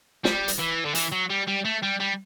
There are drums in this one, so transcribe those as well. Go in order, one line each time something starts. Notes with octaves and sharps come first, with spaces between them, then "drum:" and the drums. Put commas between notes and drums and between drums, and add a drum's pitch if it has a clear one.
G3, drum: snare
drum: hi-hat
E3
D3
E3, drum: hi-hat
F#3
G3
G3
A3
G3
G3